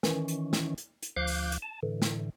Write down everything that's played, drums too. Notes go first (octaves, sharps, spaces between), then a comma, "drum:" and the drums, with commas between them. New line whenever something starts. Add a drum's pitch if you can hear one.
D#3 E3 C#4, drum: snare
drum: hi-hat
drum: snare
drum: hi-hat
drum: hi-hat
D2 F3 F5 D6 F#6 G6
drum: open hi-hat
drum: hi-hat
A5
A2 D3 E3
drum: snare